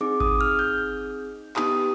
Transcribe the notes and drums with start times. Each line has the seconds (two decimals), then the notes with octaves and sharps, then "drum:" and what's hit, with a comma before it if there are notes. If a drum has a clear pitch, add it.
0.01 C4 D#4 G#4 D6
0.20 D#6, drum: kick G#1
0.41 F6
0.59 G6
1.56 B3 D#4 G4 D#6, drum: clap